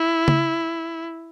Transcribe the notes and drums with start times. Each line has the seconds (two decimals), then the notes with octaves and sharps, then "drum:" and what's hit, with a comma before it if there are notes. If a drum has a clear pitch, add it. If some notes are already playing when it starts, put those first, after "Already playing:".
Already playing: E4
0.28 drum: tom C#3